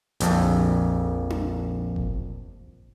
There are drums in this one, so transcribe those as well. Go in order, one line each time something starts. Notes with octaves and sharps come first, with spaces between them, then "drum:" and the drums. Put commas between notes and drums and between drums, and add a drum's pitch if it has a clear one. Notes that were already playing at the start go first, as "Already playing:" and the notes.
A#1 F2, drum: hi-hat
drum: tom D4
drum: kick F#1